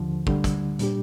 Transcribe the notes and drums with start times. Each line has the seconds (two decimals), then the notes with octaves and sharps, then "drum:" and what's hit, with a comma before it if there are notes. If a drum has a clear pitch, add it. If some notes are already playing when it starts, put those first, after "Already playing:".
Already playing: D#2 D3 F3
0.27 D2 D3 G3, drum: kick
0.44 drum: kick, hi-hat
0.79 A#2 G3 D4 G4, drum: hi-hat